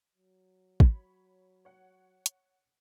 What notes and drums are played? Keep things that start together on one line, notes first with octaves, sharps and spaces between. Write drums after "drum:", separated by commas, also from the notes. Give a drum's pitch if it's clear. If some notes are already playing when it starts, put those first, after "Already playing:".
F#3
C#5 B5, drum: kick
C#5 F#5
drum: hi-hat